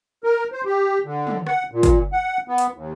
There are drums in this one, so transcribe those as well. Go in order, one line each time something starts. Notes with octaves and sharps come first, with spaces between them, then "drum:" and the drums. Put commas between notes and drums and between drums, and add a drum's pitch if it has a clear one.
A#4
C5
G4
D3
drum: tom
F#5, drum: rim click
A#2
drum: kick, hi-hat
F#5
B3
drum: hi-hat
D#2